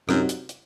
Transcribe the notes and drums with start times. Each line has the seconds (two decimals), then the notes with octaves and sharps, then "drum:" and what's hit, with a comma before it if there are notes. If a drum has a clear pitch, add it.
0.09 F#2 C3 F#3 C4 D#4 F#4, drum: rim click
0.29 drum: hi-hat
0.49 drum: hi-hat